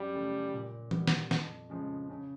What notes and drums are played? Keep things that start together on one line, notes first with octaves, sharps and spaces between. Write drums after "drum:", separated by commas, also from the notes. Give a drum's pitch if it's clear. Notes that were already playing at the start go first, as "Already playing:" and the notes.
Already playing: F#2 G3
C#3 F3 A3
A#2
G3 B3, drum: tom E3
drum: snare
F2, drum: snare
C#3 F3 G#3
C#3